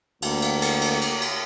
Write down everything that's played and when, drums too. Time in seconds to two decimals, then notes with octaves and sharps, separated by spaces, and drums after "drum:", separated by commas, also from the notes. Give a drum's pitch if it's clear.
0.22 D2 A#3, drum: cymbal
0.42 drum: cymbal
0.62 drum: cymbal
0.82 drum: cymbal
1.01 drum: cymbal
1.21 drum: cymbal